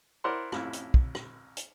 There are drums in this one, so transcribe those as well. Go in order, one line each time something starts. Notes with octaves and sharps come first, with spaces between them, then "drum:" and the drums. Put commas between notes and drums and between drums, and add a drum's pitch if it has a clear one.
E4 A#4 C5 D5 F#5 C6
A1 F2 E4, drum: rim click
drum: hi-hat
drum: kick
drum: rim click
drum: hi-hat